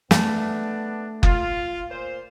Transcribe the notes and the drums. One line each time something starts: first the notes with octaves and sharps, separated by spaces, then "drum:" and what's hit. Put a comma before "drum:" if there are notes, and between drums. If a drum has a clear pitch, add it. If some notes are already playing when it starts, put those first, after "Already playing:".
A3 B3 D4, drum: snare
F4, drum: kick F#1
A#2 C5